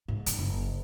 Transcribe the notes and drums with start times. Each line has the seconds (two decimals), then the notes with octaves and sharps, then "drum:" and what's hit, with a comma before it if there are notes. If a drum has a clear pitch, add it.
0.08 G#2
0.26 D#3, drum: hi-hat
0.39 F#1